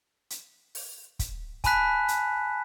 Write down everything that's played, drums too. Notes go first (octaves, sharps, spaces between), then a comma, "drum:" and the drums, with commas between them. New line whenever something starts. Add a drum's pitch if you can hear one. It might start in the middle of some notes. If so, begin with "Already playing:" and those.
drum: hi-hat
drum: open hi-hat
drum: kick, hi-hat
G#5 A5 B5 F#6 B6, drum: kick, hi-hat
drum: hi-hat